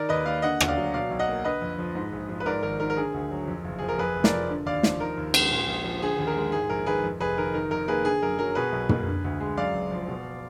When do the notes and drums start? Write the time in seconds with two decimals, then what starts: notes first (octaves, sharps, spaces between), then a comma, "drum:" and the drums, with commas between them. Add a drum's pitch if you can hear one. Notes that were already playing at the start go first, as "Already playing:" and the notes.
Already playing: D#3 A#4 D5
0.09 D#2 B4 D#5
0.26 A#3 D5 F5
0.42 D3 D#5 F#5
0.60 D2, drum: rim click
0.68 D5 F5
0.76 F#3
0.93 B2 D5 F5
1.10 B1
1.19 D#5 F#5
1.28 A#3
1.44 D3 B4 D#5
1.62 F2
1.78 F3
1.95 G#2
2.13 A#1
2.29 F3
2.40 B4
2.46 G#2 A#4 D5
2.63 G#1 A#4
2.80 D#3 A#4
2.90 A#4
2.97 D3 G#4
3.14 D2
3.31 F#3
3.48 F2
3.64 F#1
3.79 F3 G#4
3.89 A#4
3.98 F2 G#4 B4
4.16 F1
4.24 A#4 D5, drum: snare
4.32 F3
4.50 D3
4.66 D#2 D5 F5
4.83 F3, drum: snare
5.00 D#3 A#4
5.17 D#2
5.34 G#3, drum: cymbal
5.51 A#2
5.67 A#1
5.84 F3
6.01 D3 G#4
6.18 D#2
6.27 A#4
6.35 G#3
6.52 G#2 G#4
6.69 A#1 A#4
6.86 D#3 G#4 B4
7.04 F2
7.20 F1 G#4 B4
7.37 D#3 A#4
7.54 D#3 A#4
7.71 F2 A#4
7.88 A#3 G#4 B4
8.05 D3 G#4
8.22 F#2 A#4
8.39 F#3 A#4
8.55 B2 G#4 B4
8.72 B1
8.89 A#3, drum: tom
9.07 D3
9.24 D2
9.40 G#3
9.57 F#2 D5 F5
9.74 F#1
9.92 F3
10.08 B2